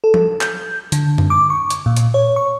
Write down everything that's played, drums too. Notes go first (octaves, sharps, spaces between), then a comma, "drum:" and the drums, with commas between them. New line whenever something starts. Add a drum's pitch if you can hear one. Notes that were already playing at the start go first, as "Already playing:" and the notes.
A4
drum: tom
G6, drum: clap
D3, drum: hi-hat
drum: tom F#2
D6
C#6
drum: hi-hat
A#2
drum: hi-hat
C#5
C#6